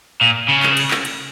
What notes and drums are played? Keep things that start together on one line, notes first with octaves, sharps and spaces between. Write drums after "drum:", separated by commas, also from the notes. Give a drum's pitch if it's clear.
A#2
C#3
drum: clap
drum: cymbal
drum: clap
drum: cymbal